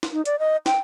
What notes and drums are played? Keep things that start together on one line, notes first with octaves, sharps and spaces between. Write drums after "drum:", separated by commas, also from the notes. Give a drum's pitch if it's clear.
drum: snare
D#4
D5, drum: hi-hat
D#5
G5, drum: snare